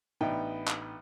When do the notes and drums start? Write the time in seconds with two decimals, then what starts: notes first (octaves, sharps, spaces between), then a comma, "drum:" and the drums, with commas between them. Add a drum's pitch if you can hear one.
0.21 A1 B3 D4 D#4 G5
0.68 drum: clap